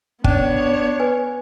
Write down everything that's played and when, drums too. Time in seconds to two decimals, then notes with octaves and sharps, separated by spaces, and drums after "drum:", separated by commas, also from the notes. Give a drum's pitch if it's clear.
0.24 B3 C#4 D4 C#5, drum: kick
1.00 B4 G#5